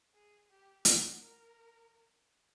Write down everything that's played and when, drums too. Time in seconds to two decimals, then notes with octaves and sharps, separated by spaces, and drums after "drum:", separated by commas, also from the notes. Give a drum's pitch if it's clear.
0.14 G#4
0.50 G4
0.85 F#4, drum: hi-hat
1.20 A#4